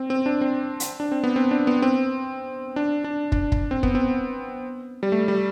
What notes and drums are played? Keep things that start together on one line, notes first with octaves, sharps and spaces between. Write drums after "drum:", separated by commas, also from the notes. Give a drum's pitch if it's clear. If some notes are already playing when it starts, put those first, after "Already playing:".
Already playing: C4
C4
D4
C4
drum: hi-hat
D4
C4
B3
C4
D4
B3
C4
D4
D4
D4, drum: kick
drum: kick
C4
B3, drum: kick
C4
G3
A3
G3